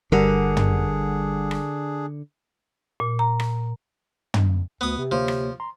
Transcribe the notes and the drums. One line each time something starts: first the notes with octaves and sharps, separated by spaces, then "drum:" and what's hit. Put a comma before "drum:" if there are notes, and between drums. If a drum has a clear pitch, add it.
G1 D3 G3 D4 G#4 A#4 F#5
drum: tom
drum: rim click
A#2
A#5
drum: rim click
drum: tom
D2 B3 D#6
C3
D2 F3 A#3 C#5
drum: rim click
A#5 C6